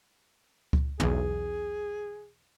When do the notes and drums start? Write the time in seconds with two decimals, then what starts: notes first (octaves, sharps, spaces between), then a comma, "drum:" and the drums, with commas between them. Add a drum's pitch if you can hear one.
0.73 drum: kick C#2
1.00 B1 E2 G#4, drum: tom